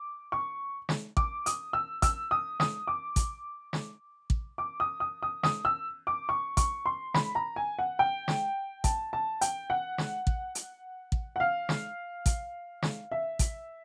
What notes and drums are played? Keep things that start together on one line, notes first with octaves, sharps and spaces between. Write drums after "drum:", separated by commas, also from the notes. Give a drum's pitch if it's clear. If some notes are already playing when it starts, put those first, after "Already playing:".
Already playing: D6
C#6
drum: snare
D6, drum: kick
D#6, drum: hi-hat
E6
E6, drum: kick, hi-hat
D#6
D#6, drum: snare
D6
drum: kick, hi-hat
drum: snare
drum: kick
D6
D#6
D#6
D#6
D#6, drum: snare
E6
D6
C#6
C#6, drum: kick, hi-hat
C6
B5, drum: snare
A#5
G#5
F#5
G5
drum: snare
A5, drum: kick, hi-hat
A5
G5, drum: hi-hat
F#5
drum: snare
drum: kick
drum: hi-hat
drum: kick
F#5
F5
drum: snare
drum: kick, hi-hat
drum: snare
E5
drum: kick, hi-hat